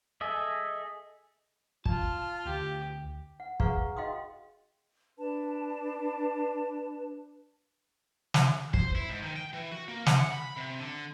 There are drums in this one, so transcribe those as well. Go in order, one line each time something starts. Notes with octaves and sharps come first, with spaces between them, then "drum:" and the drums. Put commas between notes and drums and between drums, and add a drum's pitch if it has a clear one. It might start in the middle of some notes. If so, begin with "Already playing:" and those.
G#4 A4 D#5 E5
F4 A5, drum: kick
D2 D3 G4
F#5
G#4 B4 F5 F#5 A#5 C#6, drum: kick
F#4 D#5 F5 G5 C6 D#6
D4 B4 A5
drum: snare
C5, drum: kick
E4
G#2
D#3
G5
E3
F#4
A#3
F#5, drum: snare
B5
C3
D3